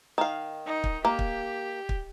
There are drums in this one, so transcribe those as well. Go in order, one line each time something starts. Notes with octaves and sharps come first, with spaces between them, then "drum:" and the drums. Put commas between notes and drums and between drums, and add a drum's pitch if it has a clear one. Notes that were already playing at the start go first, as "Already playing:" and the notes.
D#3 F5
D#4
drum: kick
A#3 G4
drum: kick
drum: kick